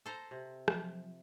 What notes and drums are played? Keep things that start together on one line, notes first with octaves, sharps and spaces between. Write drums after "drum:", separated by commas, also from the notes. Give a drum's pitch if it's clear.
A4 C5 A#5
C3
F3 F#3, drum: rim click